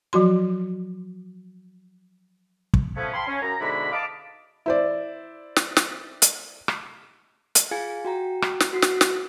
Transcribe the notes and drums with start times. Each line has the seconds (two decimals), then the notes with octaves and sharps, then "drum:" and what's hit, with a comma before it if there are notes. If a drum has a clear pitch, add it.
0.13 F3 F#3 F#4 C6
2.74 drum: kick
2.96 F3 A3 B3 C#4
3.14 F5 G5 A5 B5 C6
3.27 C#4
3.42 F#2 A#5
3.60 G#2 B2 D3 E4 F#4 B5
3.93 D#5 F5 A5 D6
4.66 E4 C5 D5
5.56 drum: snare
5.77 drum: snare
6.22 drum: hi-hat
6.68 drum: rim click
7.55 drum: hi-hat
7.71 F4 G#4 F5 G#5 G#6 C#7
8.05 F#4 G5 A#5
8.42 drum: rim click
8.60 drum: snare
8.73 F#4 C7
8.82 drum: snare
9.01 drum: snare